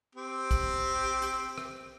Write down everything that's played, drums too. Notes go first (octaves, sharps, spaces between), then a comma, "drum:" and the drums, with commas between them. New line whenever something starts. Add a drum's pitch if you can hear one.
C4 G4
drum: kick, hi-hat
drum: hi-hat
drum: rim click